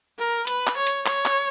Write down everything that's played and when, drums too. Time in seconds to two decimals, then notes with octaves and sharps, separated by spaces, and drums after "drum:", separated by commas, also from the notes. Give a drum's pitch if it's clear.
0.19 A#4
0.47 B4, drum: hi-hat
0.67 drum: clap
0.77 C#5
0.87 drum: hi-hat
1.06 C#5, drum: clap
1.25 drum: clap